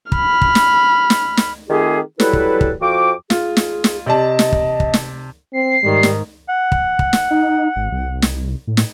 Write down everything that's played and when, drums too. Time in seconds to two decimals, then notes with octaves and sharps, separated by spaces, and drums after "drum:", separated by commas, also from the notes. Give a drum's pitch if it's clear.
0.12 B5 F6, drum: kick
0.41 drum: kick
0.55 drum: snare
1.10 drum: snare
1.37 drum: snare
1.69 D#3 A3 C4 F4 G4 G#4
2.20 F#3 G3 E4 A4 B4, drum: snare
2.33 drum: kick
2.61 drum: kick
2.82 F2 F3 F#4 G5 D6
3.30 F4 G#4, drum: snare
3.57 drum: snare
3.84 drum: snare
4.06 C3 D5 D#5 A5
4.39 drum: snare
4.52 drum: kick
4.80 drum: kick
4.94 drum: snare
5.53 C4 C7
5.83 G#2 D#3 G3
6.03 drum: snare
6.49 F#5
6.72 drum: kick
6.99 drum: kick
7.13 drum: snare
7.31 D#4
7.76 G#1
7.92 C2
8.22 drum: snare
8.67 A2
8.77 drum: snare